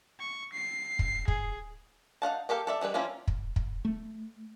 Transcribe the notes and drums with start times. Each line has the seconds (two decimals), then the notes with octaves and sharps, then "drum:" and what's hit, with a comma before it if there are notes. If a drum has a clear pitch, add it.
0.19 C#6
0.53 C7
0.99 drum: kick
1.28 G#4, drum: kick
2.22 D#4 F5 F#5 A5
2.49 A#3 G4 A4 F5
2.67 A4 D5 E5
2.81 E3 G3 G#3 B4
2.94 F3 A#3 C#4 E4 F4
3.28 drum: kick
3.56 drum: kick
3.85 A3